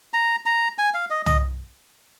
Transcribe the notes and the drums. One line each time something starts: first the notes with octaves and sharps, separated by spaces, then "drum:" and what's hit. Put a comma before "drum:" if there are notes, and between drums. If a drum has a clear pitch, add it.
A#5
A#5
G#5
F5
D#5
D#5, drum: tom